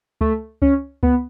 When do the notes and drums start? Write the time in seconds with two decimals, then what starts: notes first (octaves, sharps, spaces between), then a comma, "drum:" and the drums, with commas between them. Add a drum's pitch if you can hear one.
0.21 A3, drum: kick C#2
0.62 C#4, drum: kick C#2
1.03 B3, drum: kick C#2